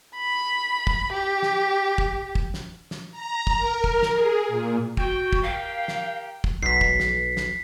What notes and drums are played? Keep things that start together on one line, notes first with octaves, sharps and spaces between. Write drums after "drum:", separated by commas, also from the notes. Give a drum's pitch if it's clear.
B5
drum: kick
G4
drum: snare
drum: kick
drum: kick
drum: snare
drum: snare
A#5
drum: kick
A#4
drum: kick
drum: snare
G#4
A#2
F#4 G5, drum: kick
drum: kick
G4 A#4 F5 G5
drum: snare
drum: kick
B1 B6 C7
drum: kick
drum: snare
drum: snare